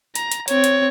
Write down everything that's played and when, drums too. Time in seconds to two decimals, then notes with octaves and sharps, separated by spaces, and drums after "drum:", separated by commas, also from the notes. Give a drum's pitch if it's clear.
0.15 A#5, drum: hi-hat
0.32 drum: hi-hat
0.48 C4 C#5, drum: hi-hat
0.64 drum: hi-hat